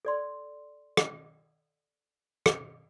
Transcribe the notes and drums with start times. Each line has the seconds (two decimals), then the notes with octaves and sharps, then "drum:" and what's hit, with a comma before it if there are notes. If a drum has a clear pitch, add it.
0.05 A4 D5 C6
0.97 drum: rim click
2.46 drum: rim click